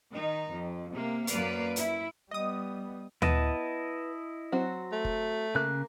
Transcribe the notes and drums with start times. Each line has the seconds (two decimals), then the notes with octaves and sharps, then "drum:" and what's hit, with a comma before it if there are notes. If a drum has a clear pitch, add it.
0.12 D#3 D#4
0.50 F2
0.93 C3 A#3
1.27 F#2 A#3 B4 D5 F5, drum: hi-hat
1.76 E4, drum: hi-hat
2.31 G3 B3 D#5 D#6
3.22 B3 E4 D#5 A5, drum: tom
4.52 F#3 C4 F#4
4.92 A3
5.05 drum: kick F1
5.55 C#3 A#3 F#6